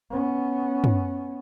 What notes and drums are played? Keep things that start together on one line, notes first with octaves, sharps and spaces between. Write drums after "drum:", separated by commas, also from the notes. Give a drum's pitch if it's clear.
B3 C#4
drum: tom